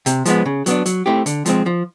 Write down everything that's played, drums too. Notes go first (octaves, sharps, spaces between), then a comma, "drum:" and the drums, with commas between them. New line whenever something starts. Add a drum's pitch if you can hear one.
C3, drum: hi-hat
F3 G#3 B3, drum: hi-hat
C#3
F#3 B3 D4, drum: hi-hat
F#3, drum: hi-hat
A3 C4 E4 G4
D3, drum: hi-hat
F3 G#3 C4, drum: hi-hat
F3